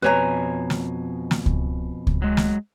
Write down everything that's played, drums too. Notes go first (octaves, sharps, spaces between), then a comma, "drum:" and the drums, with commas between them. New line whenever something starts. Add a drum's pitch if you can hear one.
F2 B2 B4 C#5 G#5 A#5
drum: snare
drum: snare
drum: kick C#2
drum: kick C#2
F#3 G#3
drum: snare